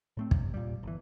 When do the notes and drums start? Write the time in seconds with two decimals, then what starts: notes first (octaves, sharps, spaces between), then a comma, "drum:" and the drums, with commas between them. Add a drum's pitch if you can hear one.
0.17 A2 A3 C4
0.31 G2 C3, drum: kick
0.54 A#2 G3
0.83 G1 E3